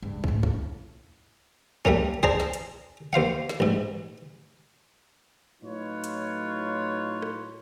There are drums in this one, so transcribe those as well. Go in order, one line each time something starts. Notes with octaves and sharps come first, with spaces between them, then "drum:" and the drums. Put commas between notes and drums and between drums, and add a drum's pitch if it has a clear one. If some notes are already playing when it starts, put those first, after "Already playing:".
C#2 G2
G#2 A3, drum: kick
E4, drum: kick
G3 A3 A#3 C#4, drum: kick
G#4 C5 D5 A5 A#5, drum: kick
drum: snare
drum: hi-hat
D#2 C5 F5 F#5, drum: tom C#3
drum: snare
A1 G#2
A2 F#3 D#4 F4 B4 C#5
drum: hi-hat
drum: rim click